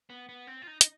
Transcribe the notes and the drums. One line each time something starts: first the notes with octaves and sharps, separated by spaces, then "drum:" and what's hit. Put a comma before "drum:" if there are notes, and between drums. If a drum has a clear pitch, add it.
B3
B3
C4
F4
D#4
D#4, drum: hi-hat